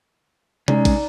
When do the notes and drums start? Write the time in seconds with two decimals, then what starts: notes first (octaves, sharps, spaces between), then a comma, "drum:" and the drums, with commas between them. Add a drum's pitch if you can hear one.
0.68 G#3 C#4 D#4 D5 A#5, drum: tom C3
0.85 drum: kick A#1, cymbal